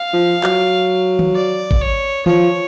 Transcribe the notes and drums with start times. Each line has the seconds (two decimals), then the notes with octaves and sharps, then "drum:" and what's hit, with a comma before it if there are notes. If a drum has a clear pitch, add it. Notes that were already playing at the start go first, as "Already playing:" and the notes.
Already playing: F5
0.13 F3
0.44 F#3, drum: clap
1.19 drum: tom D#3
1.35 D5
1.71 drum: kick
1.81 C#5
2.26 F3 C#5, drum: tom D#3